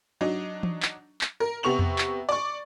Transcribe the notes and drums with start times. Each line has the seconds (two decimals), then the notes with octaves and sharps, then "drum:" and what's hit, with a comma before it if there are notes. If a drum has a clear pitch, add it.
0.21 F#3 D4 D#4
0.63 drum: tom E3
0.82 drum: clap
1.21 drum: clap
1.40 A#4
1.63 C3 B3 C#6 F7 F#7
1.79 drum: tom E2
1.98 drum: clap
2.29 D5 C#6